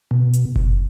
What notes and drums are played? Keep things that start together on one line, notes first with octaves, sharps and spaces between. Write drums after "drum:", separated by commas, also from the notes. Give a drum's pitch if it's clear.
B2
drum: hi-hat
drum: kick F#1